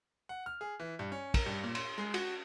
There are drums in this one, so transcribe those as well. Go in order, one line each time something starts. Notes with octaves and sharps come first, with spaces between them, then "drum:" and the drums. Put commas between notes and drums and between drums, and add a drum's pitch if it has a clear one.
F#5
F6
G#4
E3
G2
C#4
A#4, drum: kick, cymbal
G2
A#2
C6, drum: cymbal
G#3
F#4, drum: cymbal